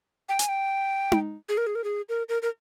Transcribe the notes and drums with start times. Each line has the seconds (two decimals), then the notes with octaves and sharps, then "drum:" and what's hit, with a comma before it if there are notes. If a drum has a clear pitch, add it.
0.29 G5
0.39 G#5, drum: hi-hat
0.49 G5
1.12 drum: tom D#4
1.49 G#4
1.58 A#4
1.67 G#4
1.75 A#4
1.84 G#4
2.09 A#4
2.29 A#4
2.42 A#4